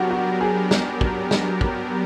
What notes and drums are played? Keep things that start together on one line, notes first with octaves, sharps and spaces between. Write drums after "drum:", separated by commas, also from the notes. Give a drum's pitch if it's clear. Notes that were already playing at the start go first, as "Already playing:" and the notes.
Already playing: F#3 B3 D4 F#4 G4 A#4
F#4
G#4
drum: snare
drum: kick
drum: snare
drum: kick